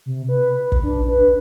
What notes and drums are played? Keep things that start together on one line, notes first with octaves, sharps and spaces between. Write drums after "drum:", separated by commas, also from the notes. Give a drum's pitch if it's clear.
C3
B4
B4
drum: kick
D4
B4